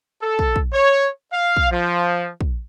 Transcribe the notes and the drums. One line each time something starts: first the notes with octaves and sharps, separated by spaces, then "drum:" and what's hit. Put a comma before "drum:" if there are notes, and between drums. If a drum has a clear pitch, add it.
A4
drum: kick
drum: kick
C#5
F5
drum: kick
F3
drum: kick